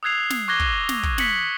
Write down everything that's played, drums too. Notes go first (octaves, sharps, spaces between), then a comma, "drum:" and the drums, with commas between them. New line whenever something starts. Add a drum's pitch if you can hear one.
D#6 E6 F#6 G#6 C7 F7
drum: snare
C#6 D6 F#6 G#6 A#6 G7
drum: kick
drum: snare
drum: kick
B6 C#7 F#7, drum: snare